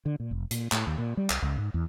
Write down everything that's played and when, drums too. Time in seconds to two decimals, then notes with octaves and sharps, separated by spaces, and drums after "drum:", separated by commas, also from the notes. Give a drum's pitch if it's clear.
0.06 D3
0.20 A#2
0.31 F1
0.51 A#2, drum: hi-hat
0.72 A2, drum: clap
0.87 D#2
0.98 A#2
1.17 G3
1.30 C2, drum: clap
1.42 C#2
1.58 G#2
1.74 E2